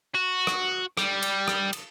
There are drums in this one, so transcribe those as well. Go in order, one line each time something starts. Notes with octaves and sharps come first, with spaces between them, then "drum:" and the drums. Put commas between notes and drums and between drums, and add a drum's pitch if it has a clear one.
F#4
drum: rim click
G3, drum: rim click
drum: cymbal
drum: rim click
drum: cymbal